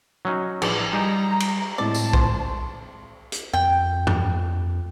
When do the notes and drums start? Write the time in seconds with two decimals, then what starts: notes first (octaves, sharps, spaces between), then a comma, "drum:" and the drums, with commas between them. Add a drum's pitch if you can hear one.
0.25 F#3 C#4 D#4
0.62 A1 E3 F3 D4 G#4 D5, drum: cymbal
0.93 G3 D#4 G4 G#4 A#5
1.40 drum: cymbal
1.78 A2 G#3 C4 D5 A5
1.94 drum: tambourine
2.13 C5, drum: kick B1
3.32 drum: hi-hat
3.53 F2 G5
4.07 drum: tom